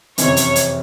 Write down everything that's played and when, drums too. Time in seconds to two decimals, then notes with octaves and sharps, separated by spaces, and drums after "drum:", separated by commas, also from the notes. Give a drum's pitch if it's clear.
0.18 F#1 F2 C3 E3 C#5, drum: hi-hat
0.37 drum: hi-hat
0.56 drum: hi-hat